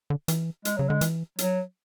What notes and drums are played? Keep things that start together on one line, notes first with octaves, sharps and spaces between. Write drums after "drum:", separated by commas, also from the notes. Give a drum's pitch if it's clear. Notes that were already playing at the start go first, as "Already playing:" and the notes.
D3
E3, drum: hi-hat
G#3, drum: hi-hat
C#3 F#3
D3 G#3
E3, drum: hi-hat
F#3, drum: hi-hat